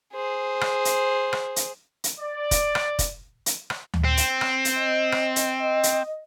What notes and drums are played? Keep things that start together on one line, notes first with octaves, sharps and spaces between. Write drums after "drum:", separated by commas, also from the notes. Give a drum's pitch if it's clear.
G#4 C5
drum: rim click
drum: hi-hat
drum: rim click
drum: hi-hat
drum: hi-hat
D5
drum: kick, hi-hat
drum: rim click
drum: kick, hi-hat
drum: hi-hat
drum: rim click
drum: tom D2
C4
drum: hi-hat
drum: rim click
drum: hi-hat
D#5
drum: rim click
drum: hi-hat
D#5
drum: hi-hat